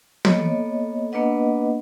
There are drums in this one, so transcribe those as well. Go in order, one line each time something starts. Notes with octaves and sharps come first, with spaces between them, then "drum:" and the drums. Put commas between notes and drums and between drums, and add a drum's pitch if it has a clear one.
A#3 B3 A4 C#5 D#5, drum: tom
A#3 B3 D4 B4 D#5 F#5